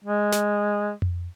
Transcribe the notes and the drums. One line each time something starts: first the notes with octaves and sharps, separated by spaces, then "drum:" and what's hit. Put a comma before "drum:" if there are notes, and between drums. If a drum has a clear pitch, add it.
G#3
drum: snare
drum: tom F2